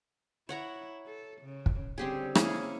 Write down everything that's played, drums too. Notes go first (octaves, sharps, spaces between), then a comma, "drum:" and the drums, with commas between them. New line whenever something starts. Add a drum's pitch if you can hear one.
E4 C#5 F#5 A#5
A4
C#3
drum: kick
D3 G3 C4 C#4 G4 G#4
A#3 C#4 E4 G#4, drum: rim click